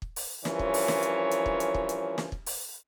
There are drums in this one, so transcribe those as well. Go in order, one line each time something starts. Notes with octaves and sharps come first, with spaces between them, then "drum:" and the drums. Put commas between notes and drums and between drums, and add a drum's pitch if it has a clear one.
drum: kick
drum: open hi-hat
G2 E3 F3 C#4 A#4 C#5, drum: snare
drum: kick
drum: open hi-hat
drum: snare
drum: hi-hat
drum: hi-hat
drum: kick
drum: hi-hat
drum: kick
drum: hi-hat
drum: snare
drum: kick
drum: open hi-hat